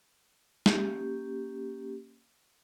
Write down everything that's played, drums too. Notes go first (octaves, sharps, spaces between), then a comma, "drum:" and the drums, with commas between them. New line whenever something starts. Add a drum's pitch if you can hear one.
A#3 C#4 G4, drum: snare